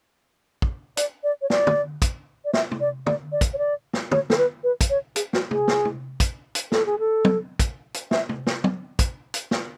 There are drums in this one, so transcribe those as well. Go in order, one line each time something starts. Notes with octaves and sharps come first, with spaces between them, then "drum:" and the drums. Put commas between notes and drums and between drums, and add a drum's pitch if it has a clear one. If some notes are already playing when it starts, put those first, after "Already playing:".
drum: kick
D5, drum: hi-hat
D5
C#5
D5, drum: snare
drum: tom
drum: kick, hi-hat
D5
E5, drum: snare
drum: tom
D5
D5, drum: tom
D5
drum: kick, hi-hat
C#5
D5
drum: snare
C#5, drum: tom
A4, drum: snare
B4
B4
drum: kick, hi-hat
C#5
G#4, drum: hi-hat
F#4, drum: snare
G#4, drum: tom
drum: snare
drum: tom
drum: kick, hi-hat
drum: hi-hat
A4, drum: snare
G#4
A4
drum: tom
drum: kick, hi-hat
drum: hi-hat
E5, drum: snare
drum: tom
drum: snare
drum: tom
drum: kick, hi-hat
drum: hi-hat
drum: snare